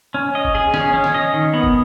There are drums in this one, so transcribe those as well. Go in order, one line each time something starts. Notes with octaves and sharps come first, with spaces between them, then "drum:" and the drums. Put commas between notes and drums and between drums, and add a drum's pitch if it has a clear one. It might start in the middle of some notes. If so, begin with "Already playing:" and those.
C#4
D#5
drum: kick
G#4
C#4, drum: snare
C#4
drum: snare
D#5
D#3
B3
drum: kick